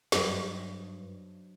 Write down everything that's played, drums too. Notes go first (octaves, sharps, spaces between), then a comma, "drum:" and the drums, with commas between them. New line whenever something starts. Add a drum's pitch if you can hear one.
G2 F#3 C5 D#5, drum: snare